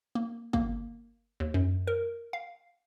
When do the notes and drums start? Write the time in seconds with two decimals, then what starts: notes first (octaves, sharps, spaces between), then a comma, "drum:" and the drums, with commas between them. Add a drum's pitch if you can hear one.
0.15 A#3
0.53 A#3, drum: kick
1.40 D#2
1.54 F#2
1.87 A#4
2.33 F5